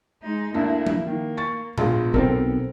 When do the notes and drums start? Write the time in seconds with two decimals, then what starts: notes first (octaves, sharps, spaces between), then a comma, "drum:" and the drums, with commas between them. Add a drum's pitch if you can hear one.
0.23 G#3 D#4
0.54 D2 D3 A#3 E4 A5
0.87 drum: tom F3
1.07 D#3 A#3
1.37 C#6 A6
1.78 A#1 G#3 B3 F4, drum: tom A#2
2.14 B1 D#3 C4 A4 A#4